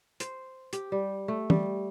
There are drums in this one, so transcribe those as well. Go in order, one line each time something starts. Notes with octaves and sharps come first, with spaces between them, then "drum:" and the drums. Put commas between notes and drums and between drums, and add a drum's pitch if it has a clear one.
C5, drum: hi-hat
G4, drum: hi-hat
G3
A3
G3, drum: tom